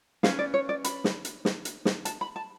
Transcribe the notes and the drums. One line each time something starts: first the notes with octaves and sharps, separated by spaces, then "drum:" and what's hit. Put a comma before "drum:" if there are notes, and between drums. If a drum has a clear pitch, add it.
C#4 F4 B4 F5, drum: snare
D5
C#5
D5
B5, drum: hi-hat
drum: snare
drum: hi-hat
drum: snare
drum: hi-hat
drum: snare
A5, drum: hi-hat
B5
A5